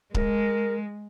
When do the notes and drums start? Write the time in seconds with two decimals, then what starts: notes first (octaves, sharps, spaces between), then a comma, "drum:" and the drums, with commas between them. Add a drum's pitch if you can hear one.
0.15 G#3 A#4, drum: kick C#1